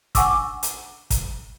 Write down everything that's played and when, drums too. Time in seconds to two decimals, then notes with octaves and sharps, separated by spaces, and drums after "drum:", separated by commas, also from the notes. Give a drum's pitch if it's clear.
0.15 F#5 G#5 C#6 D6 E6, drum: kick, hi-hat
0.63 drum: hi-hat
1.10 drum: kick, hi-hat